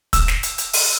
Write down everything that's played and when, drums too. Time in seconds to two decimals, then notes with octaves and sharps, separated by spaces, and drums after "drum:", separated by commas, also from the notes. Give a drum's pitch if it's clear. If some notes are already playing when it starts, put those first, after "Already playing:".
0.13 E6, drum: kick, hi-hat
0.28 drum: snare
0.43 drum: hi-hat
0.58 drum: hi-hat
0.73 drum: open hi-hat